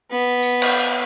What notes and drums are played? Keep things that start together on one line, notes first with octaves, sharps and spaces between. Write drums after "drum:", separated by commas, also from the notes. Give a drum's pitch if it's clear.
B3
drum: tambourine
drum: cymbal